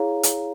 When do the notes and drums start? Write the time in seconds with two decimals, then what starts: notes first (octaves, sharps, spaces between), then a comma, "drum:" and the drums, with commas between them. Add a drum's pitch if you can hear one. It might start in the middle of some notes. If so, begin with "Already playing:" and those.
Already playing: E4 G#4 C#5 F5 A#5
0.23 drum: hi-hat